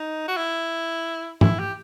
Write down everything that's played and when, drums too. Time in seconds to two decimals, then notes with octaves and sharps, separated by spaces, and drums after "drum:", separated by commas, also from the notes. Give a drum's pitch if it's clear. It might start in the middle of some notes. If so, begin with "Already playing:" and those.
Already playing: D#4
0.28 F#4
0.37 E4
1.41 E4, drum: tom G#2
1.59 G4